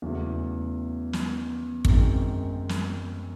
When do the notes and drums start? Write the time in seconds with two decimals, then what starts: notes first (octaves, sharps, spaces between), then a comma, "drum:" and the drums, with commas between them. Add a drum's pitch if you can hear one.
0.02 E2 C#3 F#3 A3
1.13 drum: snare
1.85 F#2 D#3 G#3 C4, drum: kick
2.69 drum: snare